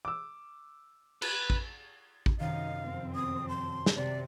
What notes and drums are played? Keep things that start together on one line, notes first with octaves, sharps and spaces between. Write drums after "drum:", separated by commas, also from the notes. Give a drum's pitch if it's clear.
D6 E6
B4, drum: cymbal
drum: kick A1
drum: kick A1
F#2 C3 D#3 D#4 F5
F2 C4
D#6
A5 C6
drum: snare
C3 D5